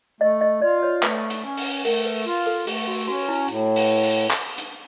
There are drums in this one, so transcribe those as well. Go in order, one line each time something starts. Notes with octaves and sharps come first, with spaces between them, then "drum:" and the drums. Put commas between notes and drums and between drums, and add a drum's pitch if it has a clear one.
A3 D#5
D#5
F4 D5
C#5
A3 B4, drum: clap
drum: hi-hat
C#4
drum: open hi-hat
A3 A#4, drum: open hi-hat
B4
F4
A4
A3 G4, drum: open hi-hat
F#4
C#4 F#4
E4
A2, drum: hi-hat
drum: open hi-hat
drum: open hi-hat
drum: clap
drum: hi-hat